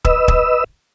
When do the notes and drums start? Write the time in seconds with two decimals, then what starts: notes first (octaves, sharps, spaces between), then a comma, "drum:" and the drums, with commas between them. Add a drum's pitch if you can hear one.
0.05 B4 D#5 E6, drum: kick
0.28 drum: kick